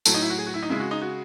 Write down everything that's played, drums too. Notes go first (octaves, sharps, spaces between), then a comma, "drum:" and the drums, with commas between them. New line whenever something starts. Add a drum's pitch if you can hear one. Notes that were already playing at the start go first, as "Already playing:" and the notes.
A2 F#3 A4, drum: tambourine
D#4
E4
F#4
G#4
F#4
E4
D#4
C#3 G#3 E4
F#4
D#4
F#4